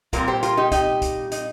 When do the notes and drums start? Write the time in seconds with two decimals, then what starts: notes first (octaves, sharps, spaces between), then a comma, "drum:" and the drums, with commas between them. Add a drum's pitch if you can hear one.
0.13 A#2 G3 C4 F4 A#4, drum: kick, hi-hat
0.28 G4 C5
0.43 F4 A#4, drum: hi-hat
0.57 D#4 G4
0.72 D#4 G4, drum: kick, hi-hat
1.02 drum: kick, hi-hat
1.32 D#4, drum: hi-hat